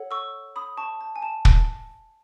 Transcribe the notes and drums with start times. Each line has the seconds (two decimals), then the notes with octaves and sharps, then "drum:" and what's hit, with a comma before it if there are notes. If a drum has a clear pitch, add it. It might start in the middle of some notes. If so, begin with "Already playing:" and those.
Already playing: A4 C#5 F#5
0.11 C#6 E6
0.56 B5 D#6
0.77 A5 C#6
1.01 A5
1.16 G#5
1.22 A5
1.45 drum: kick